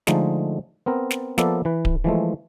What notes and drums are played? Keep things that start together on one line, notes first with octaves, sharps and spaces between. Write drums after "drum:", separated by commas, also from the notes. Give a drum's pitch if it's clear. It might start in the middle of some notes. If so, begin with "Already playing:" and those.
D3 F3 G#3 A3 D#4, drum: snare
B3 C4 A#4
drum: snare
F3 A#3 B3 A4 D5 E5, drum: snare
E3 B4
drum: kick D1
E3 F3 G#3 A3